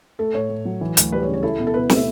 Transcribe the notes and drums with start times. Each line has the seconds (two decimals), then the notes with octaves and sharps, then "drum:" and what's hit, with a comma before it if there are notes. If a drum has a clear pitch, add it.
0.19 A3 A4
0.34 A2 C#5
0.49 A2
0.65 F#3
0.81 E3
0.97 D2, drum: hi-hat
1.12 G3 B4
1.23 C#5
1.28 C#3
1.33 C#5
1.43 E4 A4
1.59 B2
1.67 A4
1.74 B2 B4
1.89 A3, drum: snare
1.96 E5